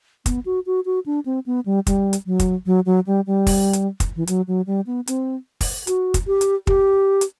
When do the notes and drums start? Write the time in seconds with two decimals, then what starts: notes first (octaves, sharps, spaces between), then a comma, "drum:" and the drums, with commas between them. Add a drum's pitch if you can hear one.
0.26 B3, drum: kick, hi-hat
0.46 F#4
0.66 F#4
0.85 F#4
1.06 D4
1.26 C4
1.46 B3
1.66 G3
1.87 G3, drum: kick, hi-hat
2.13 drum: hi-hat
2.26 F#3
2.40 drum: kick, hi-hat
2.66 F#3
2.86 F#3
3.07 G3
3.27 G3
3.47 drum: kick, open hi-hat
3.73 drum: hi-hat
4.00 drum: kick, hi-hat
4.16 E3
4.27 F#3, drum: hi-hat
4.47 F#3
4.67 G3
4.87 B3
5.07 C4, drum: hi-hat
5.61 drum: kick, open hi-hat
5.87 F#4, drum: hi-hat
6.14 drum: kick, hi-hat
6.27 G4
6.41 drum: hi-hat
6.67 G4, drum: kick
7.21 drum: hi-hat